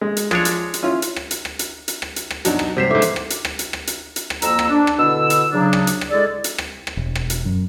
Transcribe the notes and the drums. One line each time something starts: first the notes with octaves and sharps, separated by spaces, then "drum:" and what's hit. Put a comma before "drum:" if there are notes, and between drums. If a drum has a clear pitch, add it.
G#3
drum: hi-hat
F3 G#3 D4 C#5, drum: rim click
drum: hi-hat
drum: hi-hat
C#4 E4 F4
drum: hi-hat
drum: rim click
drum: hi-hat
drum: rim click
drum: hi-hat
drum: hi-hat
drum: rim click
drum: hi-hat
drum: rim click
F#2 B2 F#3 D4 D#4, drum: hi-hat
drum: rim click
G2 C3 F#3 C5 G6 B6 C7 E7
G#2 E3 C#4 D#4 A4 E5 D6
drum: hi-hat
drum: rim click
drum: hi-hat
drum: rim click
drum: hi-hat
drum: rim click
drum: hi-hat
drum: hi-hat
drum: rim click
F2 A#3 A#5 E6, drum: hi-hat
drum: rim click
D4
drum: rim click
B2 D3 E4 E6
drum: hi-hat
C#3 F#3 D4
drum: rim click
drum: hi-hat
drum: rim click
D3 G#3 E4 G#4 A4 D5
drum: hi-hat
drum: rim click
drum: rim click
E1
drum: rim click
drum: hi-hat
F#2